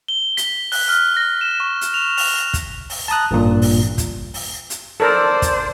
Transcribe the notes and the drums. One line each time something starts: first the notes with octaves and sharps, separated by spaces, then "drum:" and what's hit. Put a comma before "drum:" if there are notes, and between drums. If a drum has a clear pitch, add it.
G7
B6, drum: hi-hat
F#6, drum: open hi-hat
F6
A#6
E7
C#6
drum: hi-hat
F7
F7, drum: open hi-hat
drum: kick, hi-hat
drum: open hi-hat
A5 A#5 D#6 F#6
A1 G2 A#2
drum: open hi-hat
drum: kick, hi-hat
drum: open hi-hat
drum: hi-hat
A4 A#4 C5 D5
drum: kick, hi-hat